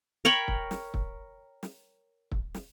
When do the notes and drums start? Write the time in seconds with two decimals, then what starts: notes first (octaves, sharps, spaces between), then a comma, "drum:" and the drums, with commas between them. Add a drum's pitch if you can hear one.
0.25 A#4 C#5 G5 B5
0.48 drum: kick
0.71 drum: snare
0.94 drum: kick
1.63 drum: snare
2.32 drum: kick
2.54 drum: snare